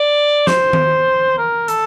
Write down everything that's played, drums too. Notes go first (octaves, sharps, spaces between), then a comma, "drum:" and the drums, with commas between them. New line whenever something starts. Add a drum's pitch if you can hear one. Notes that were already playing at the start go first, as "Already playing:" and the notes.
Already playing: D5
C5, drum: snare
drum: tom D#3
A#4
A4, drum: hi-hat